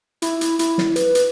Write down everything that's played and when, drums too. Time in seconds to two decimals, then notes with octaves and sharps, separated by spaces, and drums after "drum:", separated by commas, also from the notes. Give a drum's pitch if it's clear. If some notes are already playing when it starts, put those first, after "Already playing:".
0.22 E4, drum: hi-hat
0.41 drum: hi-hat
0.59 E4, drum: hi-hat
0.78 drum: snare
0.96 B4, drum: hi-hat
1.15 drum: hi-hat